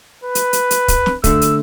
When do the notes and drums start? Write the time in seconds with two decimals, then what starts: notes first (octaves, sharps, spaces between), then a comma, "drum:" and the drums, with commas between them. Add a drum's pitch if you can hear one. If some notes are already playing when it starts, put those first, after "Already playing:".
0.24 B4
0.35 drum: hi-hat
0.53 drum: hi-hat
0.71 drum: hi-hat
0.88 drum: kick, hi-hat
1.06 drum: snare
1.24 D3 A3 E6, drum: kick, hi-hat
1.41 drum: hi-hat